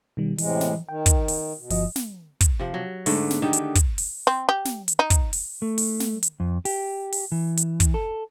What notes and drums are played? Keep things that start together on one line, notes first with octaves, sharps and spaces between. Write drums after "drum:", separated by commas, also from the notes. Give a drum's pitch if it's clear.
B2 D#3 G3
A2 C3 E3 G#3, drum: open hi-hat
drum: snare
D#3 G5
drum: kick, hi-hat
drum: open hi-hat
B2
G1 F3 D#5, drum: open hi-hat
drum: snare
drum: kick, hi-hat
C3 F3
F#3
G#2 D3 A3 C#4, drum: open hi-hat
drum: snare
D3 D#3 D#4 G4
drum: hi-hat
drum: kick, hi-hat
drum: open hi-hat
C4
G4
drum: snare
drum: hi-hat
D#4
drum: kick, hi-hat
drum: open hi-hat
A3
drum: open hi-hat
drum: snare
drum: hi-hat
F2
G4, drum: open hi-hat
drum: open hi-hat
E3
drum: hi-hat
drum: kick, hi-hat
A4